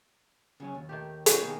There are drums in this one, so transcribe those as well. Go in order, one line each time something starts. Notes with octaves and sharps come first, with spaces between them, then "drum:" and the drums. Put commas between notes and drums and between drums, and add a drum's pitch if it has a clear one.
C#3 F#3 C#4
D#2
D#3 A3 G4
G3 C#4 F4 G4 B4 D#5, drum: hi-hat
B2 D#3 A#3 G#4